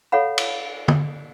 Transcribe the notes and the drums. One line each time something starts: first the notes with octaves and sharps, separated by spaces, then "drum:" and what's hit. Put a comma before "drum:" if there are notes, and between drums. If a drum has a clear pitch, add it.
A4 C#5 F5 F#5 B5
drum: cymbal
drum: tom